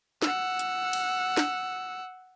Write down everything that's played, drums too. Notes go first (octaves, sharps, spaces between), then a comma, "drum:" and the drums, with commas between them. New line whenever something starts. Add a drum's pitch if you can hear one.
F#5 E6, drum: snare
drum: hi-hat
drum: cymbal
drum: snare